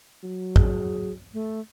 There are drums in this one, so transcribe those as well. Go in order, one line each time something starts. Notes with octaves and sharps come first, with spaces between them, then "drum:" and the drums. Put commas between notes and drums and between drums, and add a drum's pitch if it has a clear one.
F#3
G#4, drum: kick
A3